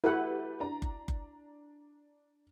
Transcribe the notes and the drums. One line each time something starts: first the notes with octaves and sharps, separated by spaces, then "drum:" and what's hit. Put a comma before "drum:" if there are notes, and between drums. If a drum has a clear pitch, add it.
E4 F#4 G4 A4 B4 F#5
D4 A#5
drum: kick F#1
drum: kick F#1